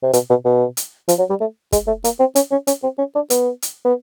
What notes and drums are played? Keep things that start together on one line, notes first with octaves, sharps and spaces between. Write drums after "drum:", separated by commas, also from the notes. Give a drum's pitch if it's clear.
C3
B2, drum: hi-hat
B2
B2
drum: hi-hat
F3, drum: hi-hat
F#3
G3
A3
G#3, drum: kick, hi-hat
A3
A#3, drum: hi-hat
C4
C#4, drum: hi-hat
C#4
C#4, drum: hi-hat
C4
C#4
D4
B3, drum: hi-hat
drum: hi-hat
B3